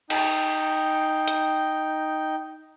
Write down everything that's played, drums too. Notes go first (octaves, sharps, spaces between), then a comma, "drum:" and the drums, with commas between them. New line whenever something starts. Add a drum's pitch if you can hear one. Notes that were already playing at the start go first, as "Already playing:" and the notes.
D#4 G5, drum: cymbal
drum: hi-hat